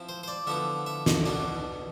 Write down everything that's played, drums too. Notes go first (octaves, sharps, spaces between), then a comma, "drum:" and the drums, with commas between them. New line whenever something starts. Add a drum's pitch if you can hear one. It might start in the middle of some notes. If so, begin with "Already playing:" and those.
Already playing: F3 C4 E4
C5
C5
D5
D3 F3 B3 E4 E5
E5
drum: snare
B2 B3 D4 D5